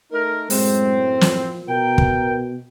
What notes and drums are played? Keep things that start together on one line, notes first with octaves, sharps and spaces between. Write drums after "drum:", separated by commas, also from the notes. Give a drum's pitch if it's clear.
A3 D#4 A#4
F#2 A2 G#3 C4, drum: open hi-hat
F3, drum: snare
B2 A#4 G5
drum: kick